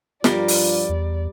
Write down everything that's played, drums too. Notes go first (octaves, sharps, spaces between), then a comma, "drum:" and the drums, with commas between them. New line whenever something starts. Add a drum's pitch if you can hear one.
G2 F3 G3 F4 A#4 D5, drum: snare
drum: open hi-hat
E2